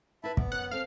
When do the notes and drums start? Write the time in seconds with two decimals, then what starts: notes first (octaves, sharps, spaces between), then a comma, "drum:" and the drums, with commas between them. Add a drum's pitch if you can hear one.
0.24 E4 B4 E5 A5 B5
0.37 B3 D5, drum: kick
0.52 F#2 C#4 F#5
0.71 C#3 C4 A4 F5